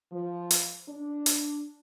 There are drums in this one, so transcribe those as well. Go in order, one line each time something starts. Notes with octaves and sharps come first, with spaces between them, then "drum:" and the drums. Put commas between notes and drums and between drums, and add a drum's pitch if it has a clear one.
F3
drum: hi-hat
D4
drum: hi-hat